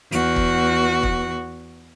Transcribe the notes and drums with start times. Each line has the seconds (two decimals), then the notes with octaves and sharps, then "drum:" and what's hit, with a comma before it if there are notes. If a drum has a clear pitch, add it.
0.12 E2 F#4, drum: hi-hat
0.36 drum: kick
1.03 drum: kick